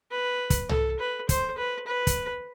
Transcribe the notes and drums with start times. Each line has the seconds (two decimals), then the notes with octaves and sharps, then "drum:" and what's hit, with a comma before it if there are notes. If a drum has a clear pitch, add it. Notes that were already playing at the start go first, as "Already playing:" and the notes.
0.11 B4
0.50 drum: kick, hi-hat
0.69 A4, drum: tom
0.99 B4
1.29 C5, drum: kick, hi-hat
1.58 B4
1.87 B4
2.07 drum: kick, hi-hat